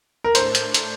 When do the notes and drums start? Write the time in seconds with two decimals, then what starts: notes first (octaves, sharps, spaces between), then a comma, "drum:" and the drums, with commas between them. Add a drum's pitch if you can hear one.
0.24 A#4
0.35 A2 A3 D4 A4 C5, drum: hi-hat
0.55 drum: hi-hat
0.74 drum: hi-hat